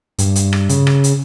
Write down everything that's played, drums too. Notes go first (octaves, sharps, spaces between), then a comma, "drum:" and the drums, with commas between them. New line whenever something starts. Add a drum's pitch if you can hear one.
G2, drum: hi-hat
drum: hi-hat
drum: rim click
C#3, drum: hi-hat
drum: rim click
drum: hi-hat